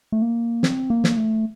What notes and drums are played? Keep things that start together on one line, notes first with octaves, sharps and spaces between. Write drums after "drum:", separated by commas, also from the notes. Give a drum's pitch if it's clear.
A3
A#3
C4, drum: snare
A#3
drum: snare
A3